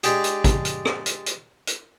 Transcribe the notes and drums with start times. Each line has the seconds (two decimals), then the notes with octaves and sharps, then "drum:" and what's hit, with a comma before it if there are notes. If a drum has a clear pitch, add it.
0.03 G#3 D4 G4 G#4, drum: hi-hat
0.24 drum: hi-hat
0.44 drum: kick, hi-hat
0.65 drum: hi-hat
0.85 drum: rim click
1.06 drum: hi-hat
1.26 drum: hi-hat
1.67 drum: hi-hat